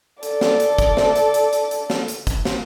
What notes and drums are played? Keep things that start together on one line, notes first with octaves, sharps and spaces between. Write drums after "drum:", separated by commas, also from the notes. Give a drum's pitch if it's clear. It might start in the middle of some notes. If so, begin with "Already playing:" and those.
A4 D5, drum: hi-hat
drum: snare
drum: hi-hat
drum: kick, hi-hat
drum: snare
drum: hi-hat
drum: hi-hat
drum: hi-hat
drum: hi-hat
drum: snare
drum: hi-hat
drum: kick, hi-hat
drum: snare